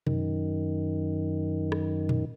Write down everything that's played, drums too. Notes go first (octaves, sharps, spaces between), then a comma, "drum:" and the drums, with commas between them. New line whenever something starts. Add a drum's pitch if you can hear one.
F#2 D#3, drum: tom B2
drum: rim click
drum: tom A#2